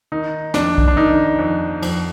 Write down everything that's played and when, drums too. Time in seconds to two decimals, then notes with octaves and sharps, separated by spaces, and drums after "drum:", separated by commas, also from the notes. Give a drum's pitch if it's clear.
0.12 D#3 D#4
0.54 F2 D4, drum: snare
0.78 drum: kick B1
0.88 D4
0.96 D#3 D#4
1.39 F2
1.82 F2, drum: cymbal